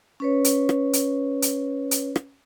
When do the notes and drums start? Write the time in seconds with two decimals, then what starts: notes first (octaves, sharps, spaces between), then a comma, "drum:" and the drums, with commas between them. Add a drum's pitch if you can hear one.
0.20 C#4 B4 C#5
0.44 drum: hi-hat
0.69 drum: rim click
0.93 drum: hi-hat
1.42 drum: hi-hat
1.91 drum: hi-hat
2.16 drum: rim click